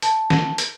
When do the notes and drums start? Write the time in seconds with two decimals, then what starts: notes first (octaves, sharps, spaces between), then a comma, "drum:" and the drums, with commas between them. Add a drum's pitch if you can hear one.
0.02 A5, drum: hi-hat
0.30 drum: snare
0.58 drum: hi-hat